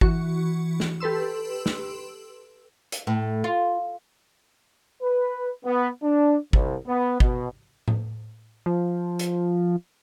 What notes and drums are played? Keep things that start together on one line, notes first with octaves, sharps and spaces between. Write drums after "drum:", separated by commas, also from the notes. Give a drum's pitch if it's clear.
E3 F#4 C#6, drum: kick
drum: snare
G4 A4 B4 C6 E6
drum: snare
drum: hi-hat
A2
F4
B4
B3
D4
C2, drum: kick
B3
B2, drum: kick
drum: tom A2
F3
drum: hi-hat